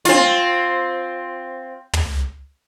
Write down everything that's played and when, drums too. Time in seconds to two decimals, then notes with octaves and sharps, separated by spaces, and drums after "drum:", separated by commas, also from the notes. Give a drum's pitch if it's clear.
0.05 C4 F4, drum: snare
1.93 drum: tom